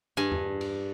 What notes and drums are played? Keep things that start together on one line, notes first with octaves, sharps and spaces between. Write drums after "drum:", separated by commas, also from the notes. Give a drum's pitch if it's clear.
G2 G#5
drum: tom E2
drum: cymbal